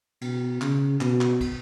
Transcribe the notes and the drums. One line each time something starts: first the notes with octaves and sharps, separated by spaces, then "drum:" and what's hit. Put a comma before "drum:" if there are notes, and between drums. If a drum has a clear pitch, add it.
B2, drum: cymbal
C#3, drum: clap
B2, drum: clap
drum: clap
drum: kick, cymbal